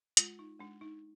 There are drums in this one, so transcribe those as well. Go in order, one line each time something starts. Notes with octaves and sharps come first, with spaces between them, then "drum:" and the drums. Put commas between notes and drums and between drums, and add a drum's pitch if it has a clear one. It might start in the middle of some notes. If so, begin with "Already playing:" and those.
G#3 F4, drum: hi-hat
D#4
G#3 D4
D#4